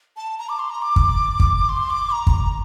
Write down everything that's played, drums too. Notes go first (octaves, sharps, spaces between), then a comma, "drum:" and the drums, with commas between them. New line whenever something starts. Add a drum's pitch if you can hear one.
A5
A#5
D6
C6
A#5
D6
drum: kick
drum: kick
C6
D6
A#5
drum: kick